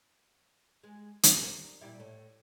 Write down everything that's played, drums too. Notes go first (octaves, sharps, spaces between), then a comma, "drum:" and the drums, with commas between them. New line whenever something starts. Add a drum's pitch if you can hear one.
G#3
F3 D4 G4, drum: hi-hat
A#4
A#2 G3 E4
A2